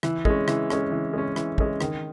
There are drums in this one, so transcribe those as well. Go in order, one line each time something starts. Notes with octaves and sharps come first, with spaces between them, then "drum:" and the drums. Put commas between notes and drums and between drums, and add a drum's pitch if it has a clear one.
E3, drum: rim click
G#3 C#4, drum: kick
E3, drum: rim click
G#3 C#4, drum: rim click
E3
G#3 C#4
E3, drum: rim click
G#3 C#4, drum: kick
D#3, drum: rim click